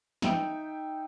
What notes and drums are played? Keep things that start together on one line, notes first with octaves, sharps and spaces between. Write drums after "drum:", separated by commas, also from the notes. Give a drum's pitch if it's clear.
D#4 E5 G5 D7, drum: snare